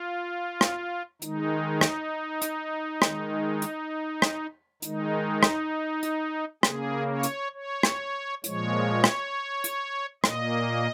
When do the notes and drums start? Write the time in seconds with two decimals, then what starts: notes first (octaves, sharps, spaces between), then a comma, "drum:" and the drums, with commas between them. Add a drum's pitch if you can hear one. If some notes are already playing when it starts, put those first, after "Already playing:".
Already playing: F4
0.61 drum: rim click
1.22 D#3 G#3 D#4, drum: hi-hat
1.81 drum: rim click
2.42 drum: hi-hat
3.02 D#3 G#3, drum: rim click
3.62 drum: hi-hat
4.22 drum: rim click
4.82 D#3 G#3 D#4, drum: hi-hat
5.43 drum: rim click
6.03 drum: hi-hat
6.63 C#3 A#3 G#4, drum: rim click
7.08 C#5
7.23 drum: hi-hat
7.53 C#5
7.83 drum: rim click
8.44 A#2 F3 G#3 C#5, drum: hi-hat
9.04 drum: rim click
9.64 drum: hi-hat
10.24 A#2 A#3 D#5, drum: rim click